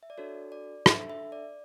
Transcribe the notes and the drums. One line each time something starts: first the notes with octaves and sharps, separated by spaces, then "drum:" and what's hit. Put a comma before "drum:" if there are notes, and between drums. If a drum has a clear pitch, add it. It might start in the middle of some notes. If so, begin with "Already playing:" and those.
E5
D5
D4 F#4 A4 C#5
D5
D4 A4 E5, drum: rim click
E5
D5